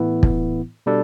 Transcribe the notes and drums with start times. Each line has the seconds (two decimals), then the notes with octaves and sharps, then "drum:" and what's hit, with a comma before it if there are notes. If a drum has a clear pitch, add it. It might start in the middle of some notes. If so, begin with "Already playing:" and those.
Already playing: A2 E3 B3 E4
0.23 drum: kick
0.86 B2 G3 D4 A4